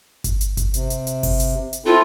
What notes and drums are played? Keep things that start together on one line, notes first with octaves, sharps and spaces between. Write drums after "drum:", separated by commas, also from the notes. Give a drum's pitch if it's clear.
drum: kick G1, hi-hat
drum: hi-hat
drum: kick G1, hi-hat
C3, drum: hi-hat
drum: hi-hat
drum: hi-hat
drum: kick G1, open hi-hat
drum: hi-hat
drum: hi-hat
C4 E4 F4 A4